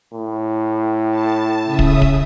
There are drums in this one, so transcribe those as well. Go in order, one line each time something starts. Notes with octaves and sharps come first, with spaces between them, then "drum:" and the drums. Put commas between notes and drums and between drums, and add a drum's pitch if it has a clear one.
A2
A5
C#3 E5 D#6
drum: kick
drum: kick